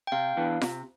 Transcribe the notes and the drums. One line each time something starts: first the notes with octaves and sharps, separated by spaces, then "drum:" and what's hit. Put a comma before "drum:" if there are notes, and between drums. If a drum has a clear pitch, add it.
G5
C3 F5
E3 B3 D4
C3, drum: snare F4